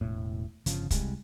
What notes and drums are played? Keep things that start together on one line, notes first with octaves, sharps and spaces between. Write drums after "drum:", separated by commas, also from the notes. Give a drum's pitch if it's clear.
E1 A2
G1 C#3 F3, drum: hi-hat
C2 G3 G#3, drum: kick, hi-hat